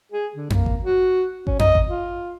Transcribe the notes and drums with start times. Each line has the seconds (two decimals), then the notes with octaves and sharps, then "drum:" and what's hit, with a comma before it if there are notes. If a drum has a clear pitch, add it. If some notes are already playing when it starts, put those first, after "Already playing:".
0.12 G#4
0.35 D3
0.50 A#3, drum: tom F2
0.66 drum: kick G#1
0.83 F#4
1.47 C#4, drum: kick G#1
1.59 D#5, drum: tom F2
1.75 drum: kick G#1
1.88 F4